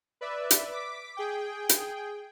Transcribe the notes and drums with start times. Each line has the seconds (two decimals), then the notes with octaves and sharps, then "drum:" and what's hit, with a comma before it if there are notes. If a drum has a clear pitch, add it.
0.21 B4 D5 E5
0.51 drum: hi-hat
0.72 D6 B6
1.17 G#4 G5
1.69 drum: hi-hat